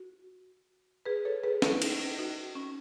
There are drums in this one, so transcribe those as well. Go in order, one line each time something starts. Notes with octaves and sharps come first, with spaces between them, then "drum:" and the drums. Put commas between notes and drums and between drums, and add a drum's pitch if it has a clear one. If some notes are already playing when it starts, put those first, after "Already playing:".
Already playing: F#4
G#4 B4
A4 C#5
G#4 B4
C#4 E4, drum: snare
D#4, drum: cymbal
D#4
D#4 F#4
C#4